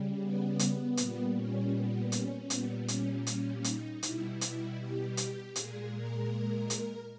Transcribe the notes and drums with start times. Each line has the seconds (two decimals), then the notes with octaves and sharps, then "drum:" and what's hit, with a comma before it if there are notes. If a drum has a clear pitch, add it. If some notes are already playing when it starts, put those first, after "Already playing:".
Already playing: C#3 G3
0.21 B3
0.59 drum: hi-hat
0.97 A#2 G3, drum: hi-hat
1.36 C#4
1.74 B3
2.12 C#4, drum: hi-hat
2.50 A#2 G3 B3, drum: hi-hat
2.88 C#4, drum: hi-hat
3.27 C#4, drum: hi-hat
3.64 D#4, drum: hi-hat
4.03 B2 G3 E4, drum: hi-hat
4.41 E4, drum: hi-hat
4.79 G4
5.17 drum: hi-hat
5.56 A#2 G#3 G#4, drum: hi-hat
5.94 A#4
6.70 drum: hi-hat